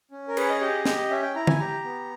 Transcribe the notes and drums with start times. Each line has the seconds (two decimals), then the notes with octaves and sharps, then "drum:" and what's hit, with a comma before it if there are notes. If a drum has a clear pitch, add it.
0.11 C#4
0.28 A#4
0.37 G#4 B4, drum: cymbal
0.49 D#5
0.61 G4 D#5
0.85 G4 D#5, drum: snare
1.10 C#4 E5
1.22 G5
1.35 E4 A#5
1.47 G#5, drum: tom D3
1.60 G4 A#5
1.85 B3